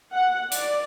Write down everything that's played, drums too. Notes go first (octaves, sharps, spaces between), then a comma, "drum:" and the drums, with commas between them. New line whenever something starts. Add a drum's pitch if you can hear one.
F#5
D5, drum: hi-hat